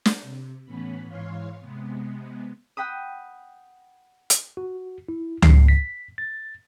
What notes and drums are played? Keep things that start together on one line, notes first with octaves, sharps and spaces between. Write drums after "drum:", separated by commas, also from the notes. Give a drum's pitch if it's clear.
drum: snare
C3
A2 E3 B3 C#4 B5
G#2 E3 C#5 F5 C6
C3 G#3 B3
F#5 G5 B5 D#6
drum: hi-hat
F#4
E4
C7, drum: tom C#2
B6
A6